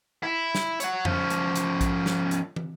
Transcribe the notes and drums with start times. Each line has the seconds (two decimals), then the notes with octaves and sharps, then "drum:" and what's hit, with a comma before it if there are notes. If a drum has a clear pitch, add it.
0.23 E4
0.55 drum: snare
0.80 C#5 F#5, drum: hi-hat
1.05 F3 C#4, drum: tom F2
1.30 drum: hi-hat
1.56 drum: hi-hat
1.81 drum: kick A#1, hi-hat
2.06 drum: snare
2.31 drum: hi-hat
2.56 drum: tom